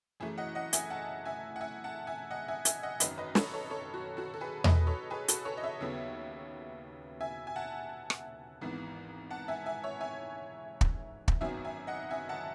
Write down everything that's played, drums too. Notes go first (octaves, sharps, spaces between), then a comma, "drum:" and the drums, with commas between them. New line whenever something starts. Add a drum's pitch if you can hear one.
F#2 E3 A3 E4 G#4
D#5 F#5
D#5 F#5
E5 G#5, drum: hi-hat
F#5 A5
E5 G#5
F#5
E5 G#5
F#5 A5
E5 G#5
D#5 F#5
E5 G#5
E5 G#5, drum: hi-hat
D#5 F#5
G#1 F#2 D#3 B4 D#5, drum: hi-hat
B4 D#5
A4 C#5, drum: snare
A4 C#5
A4 C#5
F#4
F#4 A4
A4
G#4 B4
B4 D#5, drum: tom E2
A4 C#5
G#4 B4
F#4 A4, drum: hi-hat
A4 C#5
D#5
C#5 E5
D#2 C#3 F#3 B3
E5 G#5
G#5
F#5 A5
drum: rim click
G#1 G#2 E3 B3
F#5 A5
E5 G#5
E5 G#5
C#5 E5
E5 G#5
drum: kick
drum: kick
G#1 F#2 D#3 F#3 B3 E5 G#5
E5 G#5
D#5 F#5
E5 G#5
F#5 A5